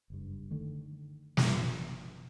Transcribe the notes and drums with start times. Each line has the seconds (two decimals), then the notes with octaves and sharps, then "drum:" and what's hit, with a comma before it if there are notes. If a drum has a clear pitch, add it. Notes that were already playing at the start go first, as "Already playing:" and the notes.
0.10 F#1 G2
0.51 D3 D#3 A3
1.37 F#1, drum: snare